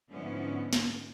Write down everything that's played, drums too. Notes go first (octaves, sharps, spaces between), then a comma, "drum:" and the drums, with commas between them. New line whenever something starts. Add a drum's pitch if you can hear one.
G#2 D3 F3 B3 C#4 E4
drum: snare